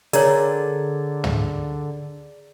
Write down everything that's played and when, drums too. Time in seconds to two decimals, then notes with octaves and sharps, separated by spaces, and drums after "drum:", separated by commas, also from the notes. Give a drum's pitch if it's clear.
0.13 D3 G#4 A#4 C#5 D5 A#5, drum: hi-hat
1.24 drum: tom